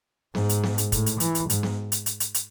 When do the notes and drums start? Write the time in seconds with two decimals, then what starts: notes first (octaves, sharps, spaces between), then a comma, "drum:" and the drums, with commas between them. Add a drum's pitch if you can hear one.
0.35 G#2, drum: snare B3
0.49 drum: hi-hat
0.64 drum: snare B3
0.78 drum: hi-hat
0.92 A2, drum: kick, hi-hat
1.06 drum: hi-hat
1.20 E3, drum: hi-hat
1.35 drum: hi-hat
1.50 G#2, drum: hi-hat
1.63 drum: snare B3
1.92 drum: hi-hat
2.06 drum: hi-hat
2.20 drum: hi-hat
2.34 drum: hi-hat